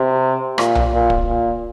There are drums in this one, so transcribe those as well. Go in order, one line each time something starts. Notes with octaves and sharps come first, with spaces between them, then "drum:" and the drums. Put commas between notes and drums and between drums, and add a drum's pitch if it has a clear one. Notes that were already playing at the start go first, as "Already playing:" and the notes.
Already playing: C3
A#2, drum: rim click
drum: tom B1
A#2
drum: kick
A#2